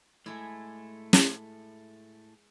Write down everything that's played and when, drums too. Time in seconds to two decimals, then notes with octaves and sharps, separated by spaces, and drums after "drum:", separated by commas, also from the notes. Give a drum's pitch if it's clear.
0.26 A2 G#3 A3 E4
1.13 drum: snare